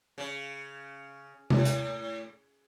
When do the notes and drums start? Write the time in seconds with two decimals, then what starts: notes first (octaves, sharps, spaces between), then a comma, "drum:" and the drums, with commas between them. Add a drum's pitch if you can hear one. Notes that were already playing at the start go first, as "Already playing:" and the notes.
0.18 C#3
1.50 A2, drum: tom C3
1.65 drum: hi-hat